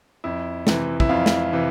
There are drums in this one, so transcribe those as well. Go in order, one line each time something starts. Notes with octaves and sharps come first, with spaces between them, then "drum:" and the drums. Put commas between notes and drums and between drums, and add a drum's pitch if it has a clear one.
F2 E4
C3 E3, drum: snare
E4, drum: kick
F2 F4
drum: snare
C3 E3